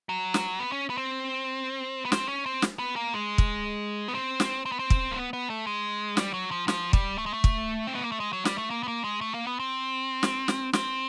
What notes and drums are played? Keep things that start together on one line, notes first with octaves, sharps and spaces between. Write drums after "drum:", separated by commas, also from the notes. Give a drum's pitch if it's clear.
F#3
drum: snare
B3
C#4
B3
C4
B3
C4, drum: snare
C#4
C4
drum: snare
B3
A#3
G#3
drum: kick
B3
C4
drum: snare
C4
B3
C4
drum: kick
A#3
B3
B3
A3
G#3
G3, drum: snare
F#3
F3
F3, drum: snare
G3, drum: kick
A3
G#3
A3
drum: kick
C4
B3
A#3
A3
G#3
F#3
G3, drum: snare
A3
A#3
B3
A#3
G#3
A3
A#3
B3
C4
drum: snare
drum: snare
C4, drum: snare